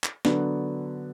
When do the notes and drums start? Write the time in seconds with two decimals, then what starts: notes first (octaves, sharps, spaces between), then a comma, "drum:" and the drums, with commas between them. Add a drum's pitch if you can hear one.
0.04 drum: clap
0.25 D3 F#3 B3 D4, drum: snare